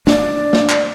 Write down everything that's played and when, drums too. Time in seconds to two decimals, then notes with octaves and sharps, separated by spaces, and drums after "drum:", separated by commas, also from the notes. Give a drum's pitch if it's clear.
0.07 D4 D5, drum: snare
0.53 drum: snare
0.69 drum: clap